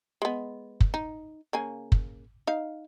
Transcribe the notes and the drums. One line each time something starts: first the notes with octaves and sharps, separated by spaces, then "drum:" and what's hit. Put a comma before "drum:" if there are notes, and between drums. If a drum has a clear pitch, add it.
G#3 B3
drum: kick
D#4
C#3 A#3 G#5
drum: kick
D#4 F5